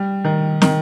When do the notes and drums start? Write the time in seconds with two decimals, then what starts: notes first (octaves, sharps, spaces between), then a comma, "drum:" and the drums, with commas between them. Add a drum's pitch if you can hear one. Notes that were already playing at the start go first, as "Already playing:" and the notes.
Already playing: G3
0.25 D#3
0.62 D#3, drum: snare